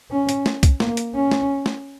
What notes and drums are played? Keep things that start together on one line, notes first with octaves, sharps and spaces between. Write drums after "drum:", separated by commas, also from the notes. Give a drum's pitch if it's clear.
C#4
drum: hi-hat
drum: snare
drum: kick, hi-hat
A#3, drum: snare
drum: hi-hat
C#4
drum: snare
drum: snare